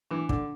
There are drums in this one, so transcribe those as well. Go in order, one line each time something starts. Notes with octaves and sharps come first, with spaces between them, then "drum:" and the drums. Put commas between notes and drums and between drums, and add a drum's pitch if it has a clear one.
E3 D4
D3 D4, drum: kick